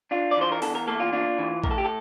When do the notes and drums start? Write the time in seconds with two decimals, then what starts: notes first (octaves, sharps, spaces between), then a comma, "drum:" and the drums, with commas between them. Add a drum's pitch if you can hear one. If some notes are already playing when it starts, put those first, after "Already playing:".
0.11 D4 F4
0.31 D5
0.37 E3 C5
0.52 A#4
0.62 E2 A4, drum: open hi-hat
0.75 A#4
0.87 A#3 A4
1.00 F4
1.13 D4 F4
1.38 E3
1.64 A2 A#4, drum: kick
1.71 A4
1.78 G4
1.85 A4